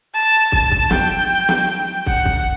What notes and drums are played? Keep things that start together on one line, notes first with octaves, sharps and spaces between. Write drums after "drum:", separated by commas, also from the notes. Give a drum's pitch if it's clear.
A5
A5, drum: kick
drum: kick
G5, drum: snare
drum: snare
F#5, drum: kick
drum: kick